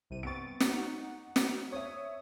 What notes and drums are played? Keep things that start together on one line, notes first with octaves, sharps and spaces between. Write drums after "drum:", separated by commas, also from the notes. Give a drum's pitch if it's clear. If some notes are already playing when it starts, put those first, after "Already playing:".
C2 C3 D#7
B3 C4 C#6 A6 D7
drum: snare
D#4 F#5
drum: snare
C#5 E5 D#6